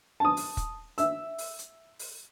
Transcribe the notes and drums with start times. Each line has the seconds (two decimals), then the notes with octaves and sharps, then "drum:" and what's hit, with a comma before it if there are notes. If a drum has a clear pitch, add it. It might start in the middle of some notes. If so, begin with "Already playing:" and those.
0.20 A5 D#6
0.37 drum: open hi-hat
0.57 drum: kick, hi-hat
0.98 E5 E6, drum: hi-hat
1.38 drum: open hi-hat
1.59 drum: hi-hat
1.99 drum: open hi-hat